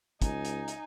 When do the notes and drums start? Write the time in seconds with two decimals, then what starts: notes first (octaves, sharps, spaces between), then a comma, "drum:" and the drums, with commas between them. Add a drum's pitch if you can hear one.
0.22 C#2 D#4 G#5, drum: kick, hi-hat
0.45 drum: hi-hat
0.68 drum: hi-hat